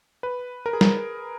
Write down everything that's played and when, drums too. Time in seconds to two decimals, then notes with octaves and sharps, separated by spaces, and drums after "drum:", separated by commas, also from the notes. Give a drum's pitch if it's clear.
0.23 B4
0.66 A#4
0.73 G#4
0.81 A#4, drum: snare